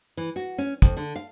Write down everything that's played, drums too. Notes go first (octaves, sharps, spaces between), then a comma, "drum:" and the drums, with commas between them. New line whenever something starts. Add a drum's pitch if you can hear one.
E3
F#4
C#4
F2, drum: kick, hi-hat
D3
F5